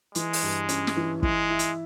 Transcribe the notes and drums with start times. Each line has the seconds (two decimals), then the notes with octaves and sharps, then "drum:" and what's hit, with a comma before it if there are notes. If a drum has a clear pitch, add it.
0.15 E3 G#3, drum: hi-hat
0.33 drum: open hi-hat
0.42 G2
0.69 C#4, drum: hi-hat
0.87 drum: snare
0.97 E3
1.23 G#3 E4, drum: kick
1.50 E4
1.59 drum: hi-hat